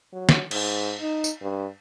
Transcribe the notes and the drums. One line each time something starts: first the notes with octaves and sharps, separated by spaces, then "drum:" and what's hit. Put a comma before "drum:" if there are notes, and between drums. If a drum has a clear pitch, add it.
F#3
drum: snare
G#2, drum: cymbal
D#4
drum: tambourine
G2